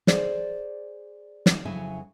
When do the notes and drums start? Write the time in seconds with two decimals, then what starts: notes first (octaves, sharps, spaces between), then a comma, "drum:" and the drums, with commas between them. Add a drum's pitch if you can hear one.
0.07 G#4 C5 D5, drum: snare
1.46 drum: snare
1.65 F2 C#3 F#3 E4 E5 G#5